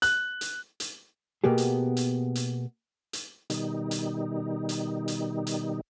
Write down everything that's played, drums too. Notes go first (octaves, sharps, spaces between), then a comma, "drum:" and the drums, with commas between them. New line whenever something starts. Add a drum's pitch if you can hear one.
F#6, drum: hi-hat
drum: hi-hat
drum: hi-hat
B2 A#3 B3 G4 G#4
drum: hi-hat
drum: hi-hat
drum: hi-hat
drum: hi-hat
B2 D#3 G3 D#4, drum: hi-hat
drum: hi-hat
drum: hi-hat
drum: hi-hat
drum: hi-hat